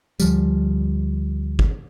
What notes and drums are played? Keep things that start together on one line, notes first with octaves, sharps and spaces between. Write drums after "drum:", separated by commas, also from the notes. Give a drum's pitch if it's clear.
D2 F3 G3, drum: tambourine
drum: kick G1